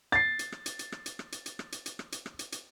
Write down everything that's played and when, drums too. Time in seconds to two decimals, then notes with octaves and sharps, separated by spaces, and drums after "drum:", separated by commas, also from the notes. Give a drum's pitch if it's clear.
0.12 A6 C7, drum: rim click
0.39 drum: hi-hat
0.52 drum: rim click
0.66 drum: hi-hat
0.79 drum: hi-hat
0.92 drum: rim click
1.06 drum: hi-hat
1.19 drum: rim click
1.32 drum: hi-hat
1.46 drum: hi-hat
1.59 drum: rim click
1.72 drum: hi-hat
1.86 drum: hi-hat
1.99 drum: rim click
2.12 drum: hi-hat
2.26 drum: rim click
2.39 drum: hi-hat
2.52 drum: hi-hat